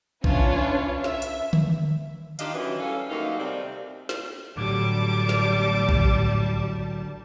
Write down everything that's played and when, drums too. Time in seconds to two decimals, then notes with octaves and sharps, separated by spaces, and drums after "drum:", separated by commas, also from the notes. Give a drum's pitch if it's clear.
0.24 C#4 D4 E4 F4 B4 C#5, drum: kick B1
1.04 E5, drum: snare
1.22 drum: hi-hat
1.53 drum: tom D3
2.39 D#3 D4 F4 G4 D#5 F5, drum: hi-hat
2.53 F#2 E3
2.79 G3 C#4 A4 F5
3.09 D#2 F#3 A3 A#3 D#4 F5
3.38 C3 G3
4.09 drum: snare
4.57 A1 A2 D3 F#3 G3 A5 D6
5.29 drum: snare
5.89 drum: kick B1